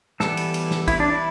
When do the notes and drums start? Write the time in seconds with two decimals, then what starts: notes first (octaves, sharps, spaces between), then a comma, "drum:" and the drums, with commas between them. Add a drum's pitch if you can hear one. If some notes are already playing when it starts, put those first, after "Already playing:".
0.20 E3 G3 B3 A4, drum: snare
0.37 drum: cymbal
0.54 drum: cymbal
0.71 drum: snare
0.88 E4, drum: kick, cymbal
1.00 D4
1.12 E4